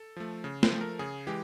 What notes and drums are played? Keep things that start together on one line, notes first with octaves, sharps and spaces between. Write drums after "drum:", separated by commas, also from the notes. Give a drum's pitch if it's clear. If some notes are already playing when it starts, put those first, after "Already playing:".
Already playing: A4
F3 A3
C#3
C5, drum: snare
F3 A3
A#4
C#3 G#4
E3 G#3 G4